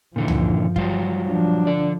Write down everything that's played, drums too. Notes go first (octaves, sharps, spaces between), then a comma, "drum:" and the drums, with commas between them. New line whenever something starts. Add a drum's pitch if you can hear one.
G2 A#2 D3 E3 F3
drum: tom C#2
F#3 G3 F4, drum: kick
F3 D4
D3 D5